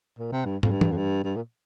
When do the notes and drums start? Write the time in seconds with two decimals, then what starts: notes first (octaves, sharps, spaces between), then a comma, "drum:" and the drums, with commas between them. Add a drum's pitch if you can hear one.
0.18 A#2
0.32 C3
0.45 G2
0.63 F2, drum: tom
0.71 G2
0.81 drum: tom
0.92 F2
0.97 G2
1.24 G2
1.36 A#2